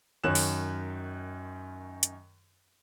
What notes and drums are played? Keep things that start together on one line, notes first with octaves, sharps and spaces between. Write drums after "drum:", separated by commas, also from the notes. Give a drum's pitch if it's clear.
F#2 D#3 C#5 F#6 E7
drum: open hi-hat
drum: hi-hat